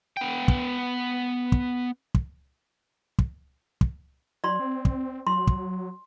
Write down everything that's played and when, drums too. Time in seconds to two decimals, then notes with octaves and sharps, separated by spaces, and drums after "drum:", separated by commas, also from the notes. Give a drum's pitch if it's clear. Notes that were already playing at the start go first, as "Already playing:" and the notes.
0.17 B3 G5
0.48 drum: kick
1.52 drum: kick
2.15 drum: kick
3.19 drum: kick
3.81 drum: kick
4.44 F#3 D5 C6
4.59 C4
4.85 drum: kick
5.27 F#3 C6
5.47 drum: kick